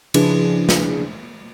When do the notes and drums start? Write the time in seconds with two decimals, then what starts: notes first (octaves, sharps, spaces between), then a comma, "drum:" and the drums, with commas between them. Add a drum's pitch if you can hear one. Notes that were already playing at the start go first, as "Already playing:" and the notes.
0.14 C#3 F3 D4 E4 G#4 B4, drum: cymbal
0.69 drum: snare